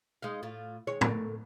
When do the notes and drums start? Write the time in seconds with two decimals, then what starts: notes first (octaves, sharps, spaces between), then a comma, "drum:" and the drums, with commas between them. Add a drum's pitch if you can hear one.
0.22 G#3 D#4 F5
0.43 A2 F4
0.87 D#3 G#3 C#5
1.01 A3 A#4, drum: tom A2